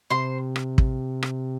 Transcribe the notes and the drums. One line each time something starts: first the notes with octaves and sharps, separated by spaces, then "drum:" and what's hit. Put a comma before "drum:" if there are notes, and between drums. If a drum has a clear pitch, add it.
C3 C5 C6
drum: rim click
drum: kick
drum: rim click